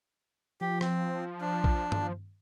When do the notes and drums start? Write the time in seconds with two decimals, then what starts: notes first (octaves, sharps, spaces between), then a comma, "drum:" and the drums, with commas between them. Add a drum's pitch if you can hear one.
0.61 F3 G4
0.81 C4, drum: rim click
1.41 D4
1.64 drum: kick A#1
1.92 drum: tom G2